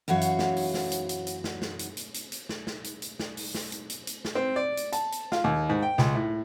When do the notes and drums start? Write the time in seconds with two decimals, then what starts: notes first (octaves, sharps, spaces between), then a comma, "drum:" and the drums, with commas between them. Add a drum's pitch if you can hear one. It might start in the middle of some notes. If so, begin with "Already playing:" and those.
0.08 F#2 E3 F#4 C#5 F5
0.21 drum: hi-hat
0.39 drum: snare
0.57 drum: open hi-hat
0.74 drum: snare
0.92 drum: hi-hat
1.09 drum: hi-hat
1.27 drum: hi-hat
1.44 drum: snare
1.62 drum: snare
1.79 drum: hi-hat
1.97 drum: hi-hat
2.14 drum: hi-hat
2.32 drum: hi-hat
2.49 drum: snare
2.67 drum: snare
2.84 drum: hi-hat
3.02 drum: hi-hat
3.19 drum: snare
3.37 drum: open hi-hat
3.55 drum: snare
3.72 drum: hi-hat
3.90 drum: hi-hat
4.07 drum: hi-hat
4.25 drum: snare
4.35 C4
4.56 D5
4.77 drum: hi-hat
4.93 A5, drum: hi-hat
5.12 drum: hi-hat
5.32 F4, drum: snare
5.44 D#2
5.69 G#2
5.82 G5
5.98 C#2, drum: snare
6.15 A2